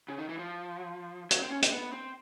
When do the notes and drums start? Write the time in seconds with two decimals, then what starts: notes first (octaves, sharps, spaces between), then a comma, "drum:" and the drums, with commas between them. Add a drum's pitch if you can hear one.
0.09 C#3
0.18 D#3
0.29 E3
0.39 F3
1.31 F#3, drum: hi-hat
1.42 C4
1.51 C#4
1.62 C4, drum: hi-hat
1.72 B3
1.93 C4